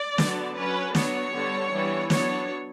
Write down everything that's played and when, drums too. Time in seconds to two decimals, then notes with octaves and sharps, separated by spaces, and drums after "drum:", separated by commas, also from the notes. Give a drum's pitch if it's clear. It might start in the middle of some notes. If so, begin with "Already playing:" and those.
Already playing: D5
0.18 D3 F#3 B3 D4, drum: snare
0.56 F#3 C#4 B4
0.95 F#3 B3 D4 C#5, drum: snare
1.33 D3 G3 B3 D4
1.72 E3 G3 B3 D4
2.10 F#3 B3 D4 C#5, drum: snare